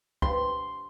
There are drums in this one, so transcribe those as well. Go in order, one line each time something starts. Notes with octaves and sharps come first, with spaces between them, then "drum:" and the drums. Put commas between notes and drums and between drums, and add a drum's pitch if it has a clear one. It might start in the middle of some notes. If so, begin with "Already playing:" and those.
C6, drum: kick